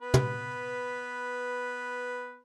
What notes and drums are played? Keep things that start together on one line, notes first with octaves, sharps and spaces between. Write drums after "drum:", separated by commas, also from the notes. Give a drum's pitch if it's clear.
B3 B4
drum: tom